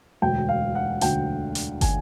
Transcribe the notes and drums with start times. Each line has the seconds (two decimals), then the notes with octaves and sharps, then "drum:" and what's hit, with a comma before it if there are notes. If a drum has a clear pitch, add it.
0.22 E1 D2 D3 G5
0.49 F5
0.75 F#5
1.01 E1 D2 D3 G5, drum: hi-hat
1.55 drum: hi-hat
1.81 D3 G#5, drum: kick, hi-hat